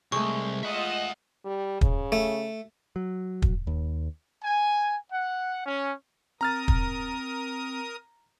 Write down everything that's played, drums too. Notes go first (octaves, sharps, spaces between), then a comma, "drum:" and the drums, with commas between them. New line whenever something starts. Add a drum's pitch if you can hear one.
C2 G#3 A3 C#6
F4 D#5 E5 F#5 E6
G3
C#3, drum: kick
A3
F#3
drum: kick
D#2
G#5
F#5
C#4
C4 A#4 A#5 D#6 F6 A6
drum: kick